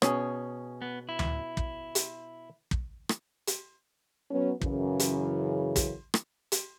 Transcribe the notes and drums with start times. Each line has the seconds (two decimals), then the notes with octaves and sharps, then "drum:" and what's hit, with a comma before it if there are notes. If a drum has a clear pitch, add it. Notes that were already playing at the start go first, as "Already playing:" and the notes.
0.02 B2 C#4 G#4, drum: rim click
0.82 B3
1.09 E4
1.19 drum: tom D2
1.57 drum: kick
1.95 drum: hi-hat
2.71 drum: kick
3.09 drum: rim click
3.47 drum: hi-hat
4.31 F#3 B3 C#4
4.61 F#2 C#3 E3, drum: kick
5.00 drum: hi-hat
5.76 drum: kick, hi-hat
6.14 drum: rim click
6.52 drum: hi-hat